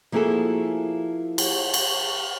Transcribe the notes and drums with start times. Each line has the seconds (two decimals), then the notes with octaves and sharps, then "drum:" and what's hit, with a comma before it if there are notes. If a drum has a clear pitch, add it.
0.12 F3 A#3 E4 F#4 G#4 A4
1.38 drum: cymbal
1.74 drum: cymbal